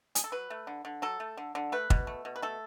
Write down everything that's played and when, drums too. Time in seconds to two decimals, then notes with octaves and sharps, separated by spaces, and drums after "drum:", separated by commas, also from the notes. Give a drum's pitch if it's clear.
0.15 G#4, drum: hi-hat
0.24 A4
0.32 F#3 B4
0.50 A3
0.67 D3
0.85 D3
1.02 F#3 A4
1.20 A3
1.37 D3
1.55 D3
1.72 A3 B4
1.90 B2, drum: kick
2.07 A3
2.25 B2
2.36 B4
2.42 A3 A4